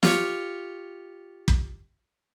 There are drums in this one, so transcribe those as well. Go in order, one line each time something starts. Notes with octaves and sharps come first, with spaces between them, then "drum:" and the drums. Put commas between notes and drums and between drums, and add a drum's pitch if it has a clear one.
F4 G4 C#5, drum: snare
drum: kick